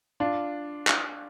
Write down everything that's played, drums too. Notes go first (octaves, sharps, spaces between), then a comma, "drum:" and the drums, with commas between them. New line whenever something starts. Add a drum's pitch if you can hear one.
D4 F4
drum: clap